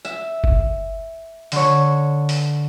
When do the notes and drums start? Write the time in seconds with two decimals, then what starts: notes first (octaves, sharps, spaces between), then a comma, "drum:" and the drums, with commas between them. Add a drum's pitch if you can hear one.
0.05 E5, drum: tambourine
0.44 drum: kick F#1
1.52 D3 C#5, drum: open hi-hat
2.29 drum: open hi-hat